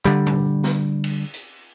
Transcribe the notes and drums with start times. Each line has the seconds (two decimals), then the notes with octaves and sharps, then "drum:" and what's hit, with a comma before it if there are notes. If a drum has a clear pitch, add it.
0.05 D3 G3, drum: clap
0.26 drum: tom
0.64 drum: snare
1.04 drum: cymbal
1.33 drum: hi-hat